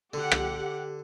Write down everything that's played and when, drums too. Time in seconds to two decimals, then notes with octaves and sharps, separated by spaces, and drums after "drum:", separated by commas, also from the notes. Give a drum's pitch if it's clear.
0.14 D3 G4 F#5
0.31 drum: rim click